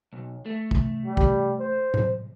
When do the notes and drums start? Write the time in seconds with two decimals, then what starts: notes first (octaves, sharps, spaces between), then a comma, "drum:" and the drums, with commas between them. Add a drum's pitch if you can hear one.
0.13 B1
0.46 A3
0.71 drum: kick
1.06 G3
1.17 drum: kick
1.59 C5
1.94 drum: tom A2